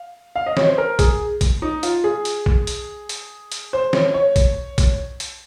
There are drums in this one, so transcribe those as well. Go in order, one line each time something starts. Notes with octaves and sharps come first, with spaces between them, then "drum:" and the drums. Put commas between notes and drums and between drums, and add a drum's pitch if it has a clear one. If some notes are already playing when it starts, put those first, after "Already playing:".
Already playing: F5
F5
D#5
C#5, drum: snare
C5
A#4
G#4, drum: kick B1, hi-hat
drum: kick B1, hi-hat
D#4
F4, drum: hi-hat
G#4
drum: hi-hat
drum: kick B1
drum: hi-hat
drum: hi-hat
drum: hi-hat
C5
C#5, drum: snare
C#5
drum: kick B1, hi-hat
drum: kick B1, hi-hat
drum: hi-hat